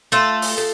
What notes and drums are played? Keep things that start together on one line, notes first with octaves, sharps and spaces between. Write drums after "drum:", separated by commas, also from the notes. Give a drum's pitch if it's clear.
A3 F4 A4, drum: hi-hat
drum: open hi-hat
A3